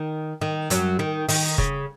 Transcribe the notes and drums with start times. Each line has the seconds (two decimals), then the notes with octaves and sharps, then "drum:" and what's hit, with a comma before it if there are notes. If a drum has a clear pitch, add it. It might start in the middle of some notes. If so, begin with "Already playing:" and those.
Already playing: D#3
0.41 D#3
0.70 F#2 F#3, drum: hi-hat
0.99 D#3
1.29 D#3, drum: open hi-hat
1.58 C#3, drum: kick F1